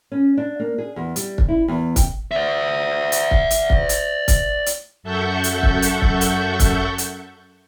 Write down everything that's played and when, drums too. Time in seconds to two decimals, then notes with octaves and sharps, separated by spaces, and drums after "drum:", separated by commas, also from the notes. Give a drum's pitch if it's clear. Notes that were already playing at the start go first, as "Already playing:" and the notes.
0.12 C#4
0.37 D4
0.60 A#3
0.78 G#4
0.96 E2
1.16 G3, drum: hi-hat
1.38 drum: kick
1.48 E4
1.68 E2
1.96 G5, drum: kick, hi-hat
2.32 D5 E5
3.12 drum: hi-hat
3.31 drum: kick
3.51 drum: hi-hat
3.70 drum: kick
3.89 drum: hi-hat
4.28 drum: kick, hi-hat
4.66 drum: hi-hat
5.03 F#2 A4 E5 F#5 C#6 G6
5.44 drum: hi-hat
5.63 drum: kick
5.82 drum: hi-hat
6.02 drum: kick
6.21 drum: hi-hat
6.60 drum: kick, hi-hat
6.98 drum: hi-hat